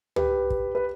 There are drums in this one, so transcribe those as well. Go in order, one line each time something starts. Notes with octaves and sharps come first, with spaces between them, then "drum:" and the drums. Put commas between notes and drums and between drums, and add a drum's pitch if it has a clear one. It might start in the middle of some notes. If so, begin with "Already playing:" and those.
G4 B4, drum: tom
drum: kick
B4